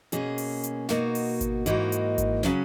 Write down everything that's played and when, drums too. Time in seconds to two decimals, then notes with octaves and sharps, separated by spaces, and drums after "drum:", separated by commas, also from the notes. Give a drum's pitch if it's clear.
0.12 B2 A#3 C#4 G#4, drum: hi-hat
0.38 drum: open hi-hat
0.64 drum: hi-hat
0.89 B2 A#3 D#4 F#4, drum: snare
1.15 drum: open hi-hat
1.41 drum: kick G#1, hi-hat
1.66 G#2 E3 A#3 D#4 F#4, drum: hi-hat
1.92 drum: hi-hat
2.18 drum: kick G#1, hi-hat
2.43 C#3 F#3 C#4, drum: snare